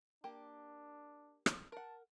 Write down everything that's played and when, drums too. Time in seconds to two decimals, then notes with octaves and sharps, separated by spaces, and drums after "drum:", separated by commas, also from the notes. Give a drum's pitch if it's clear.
0.24 A#3 D4 G4
1.46 drum: rim click
1.72 A#4 F#5 A5